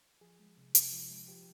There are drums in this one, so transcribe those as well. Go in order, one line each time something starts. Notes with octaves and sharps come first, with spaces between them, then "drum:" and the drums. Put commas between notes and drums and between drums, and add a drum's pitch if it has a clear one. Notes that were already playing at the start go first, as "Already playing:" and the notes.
F3 G#4
G#3
C3
C3, drum: hi-hat
F3
G#3
F3 G4